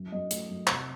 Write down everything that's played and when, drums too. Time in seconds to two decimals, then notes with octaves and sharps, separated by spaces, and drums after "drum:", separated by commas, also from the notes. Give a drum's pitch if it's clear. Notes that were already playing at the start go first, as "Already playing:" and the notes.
Already playing: F#2
0.12 F#2 D#5
0.31 A3, drum: hi-hat
0.49 F#2
0.67 C3, drum: clap